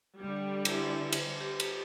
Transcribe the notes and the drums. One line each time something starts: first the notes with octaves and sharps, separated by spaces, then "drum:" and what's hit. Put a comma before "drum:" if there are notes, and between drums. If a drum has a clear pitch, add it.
D3 G3
E4 G4 E5, drum: cymbal
drum: cymbal
G4
drum: cymbal